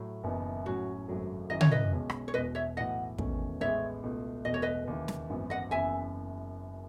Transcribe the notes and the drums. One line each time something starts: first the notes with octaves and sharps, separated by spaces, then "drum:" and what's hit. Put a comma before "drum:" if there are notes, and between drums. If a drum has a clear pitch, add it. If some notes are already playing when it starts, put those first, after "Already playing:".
Already playing: A2 F#3 A3
F#1 F#2 E3 B3 D#4
A2 F#3 C#4 F#4
G#1 F#2 C#3 F#3 A3
F#2 D#3 F#3 C#4 E4 D#5
C#5, drum: tom
B4 D#5
B1 B2 G#3 C#4
drum: rim click
C#5
E1 E2 B2 B4 D#5
C#5 E5
B1 A2 E3 D#5 F#5
E1 E2 D#3 A3 C#4, drum: kick
A1 A2 G#3 B3 C#5 E5
C#2 B2 A3
E1 E2 B2 A3 D#5
C#5
B4 D#5
D#2 C#3 E3
drum: snare
G#1 F#2 E3 B3
D#5 F#5
F#1 F#2 C#3 E3 B3 E5 G#5